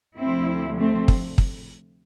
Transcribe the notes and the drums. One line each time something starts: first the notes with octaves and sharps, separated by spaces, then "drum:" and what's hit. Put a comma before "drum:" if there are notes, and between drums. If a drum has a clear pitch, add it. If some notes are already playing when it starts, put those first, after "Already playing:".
D2 C3 F3 C4 E4
A3 C4
drum: kick
drum: kick